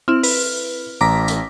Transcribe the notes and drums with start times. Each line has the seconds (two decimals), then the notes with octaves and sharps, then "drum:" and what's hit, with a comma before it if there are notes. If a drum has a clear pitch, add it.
0.08 C4 E4 F6 E7
0.23 B4, drum: open hi-hat
1.01 A1 A#5 D6 A#6 B6
1.28 drum: hi-hat